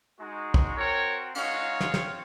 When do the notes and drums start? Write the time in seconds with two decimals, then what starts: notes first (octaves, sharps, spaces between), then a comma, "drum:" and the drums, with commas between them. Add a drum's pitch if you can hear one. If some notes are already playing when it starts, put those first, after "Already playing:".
0.19 G#3 D#4 F#4
0.54 drum: kick
0.76 C4 F#4 A#4 C#5
1.35 G#3 D#4 F#4 C#5 F5, drum: cymbal
1.81 drum: snare
1.94 C4, drum: snare